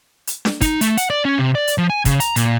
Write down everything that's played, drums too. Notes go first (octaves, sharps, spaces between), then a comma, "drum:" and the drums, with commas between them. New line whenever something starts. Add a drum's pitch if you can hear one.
drum: hi-hat
drum: snare D4
D#4, drum: kick, hi-hat
A3, drum: hi-hat
F#5, drum: hi-hat
D5
C#4
C3
D5
drum: hi-hat
F3
G#5
C#3, drum: kick, hi-hat
A#5, drum: hi-hat
A#2, drum: hi-hat